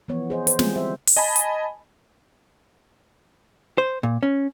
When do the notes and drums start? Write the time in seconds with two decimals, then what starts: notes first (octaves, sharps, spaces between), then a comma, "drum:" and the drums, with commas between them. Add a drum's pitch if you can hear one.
0.08 E3 F3 B3 C#5
0.30 G#4 C5 D#5
0.47 C5, drum: hi-hat
0.59 E3 G3 G#3 C4 F4 G#4, drum: snare
0.76 C5 E5
1.07 drum: open hi-hat
1.17 D#5 G#5 A5 B5
1.36 drum: hi-hat
3.78 C5
4.03 A#2
4.23 C#4